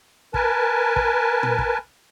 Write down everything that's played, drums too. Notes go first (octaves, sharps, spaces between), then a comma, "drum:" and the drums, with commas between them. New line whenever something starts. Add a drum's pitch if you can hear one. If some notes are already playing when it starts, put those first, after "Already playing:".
A#4 B4 G#5 A5, drum: kick
drum: kick
drum: tom A#2
drum: kick